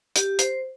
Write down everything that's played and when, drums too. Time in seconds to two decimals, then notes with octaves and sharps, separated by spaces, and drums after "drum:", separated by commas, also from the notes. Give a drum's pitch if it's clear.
0.16 G4, drum: hi-hat
0.39 C5, drum: hi-hat